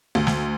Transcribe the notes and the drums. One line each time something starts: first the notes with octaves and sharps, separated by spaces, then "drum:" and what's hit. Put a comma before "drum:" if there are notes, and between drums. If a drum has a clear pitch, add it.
D2
drum: snare